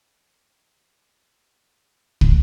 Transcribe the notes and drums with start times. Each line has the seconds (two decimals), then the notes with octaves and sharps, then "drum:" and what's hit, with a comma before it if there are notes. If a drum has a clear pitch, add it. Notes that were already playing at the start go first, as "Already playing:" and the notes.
0.01 A#4
0.22 B3
0.63 F#3
1.20 C#3
1.80 A5
2.21 drum: kick